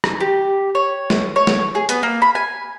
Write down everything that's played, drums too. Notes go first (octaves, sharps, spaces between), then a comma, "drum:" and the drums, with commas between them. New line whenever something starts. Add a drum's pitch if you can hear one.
drum: rim click
G4
C#5
drum: snare
C#5
drum: snare
G#4
B3, drum: hi-hat
A#3
B5
G#5